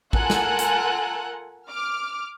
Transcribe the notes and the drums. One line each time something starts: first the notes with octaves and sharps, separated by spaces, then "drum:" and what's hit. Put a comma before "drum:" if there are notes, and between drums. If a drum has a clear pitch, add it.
F4 A4 A#4 F#5 G#5 F#6, drum: kick A1
drum: snare
drum: hi-hat
D6 F6